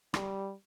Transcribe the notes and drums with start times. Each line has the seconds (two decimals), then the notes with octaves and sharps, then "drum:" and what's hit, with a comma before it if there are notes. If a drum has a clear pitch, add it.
0.14 G3, drum: rim click